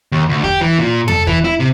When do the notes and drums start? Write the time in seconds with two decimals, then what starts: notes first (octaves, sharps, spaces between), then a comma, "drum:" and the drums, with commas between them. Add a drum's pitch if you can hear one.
0.12 D#2
0.29 D2
0.44 G4, drum: kick
0.61 E3
0.79 A#2
1.08 A4, drum: tom
1.27 E3, drum: kick
1.44 E4
1.60 C3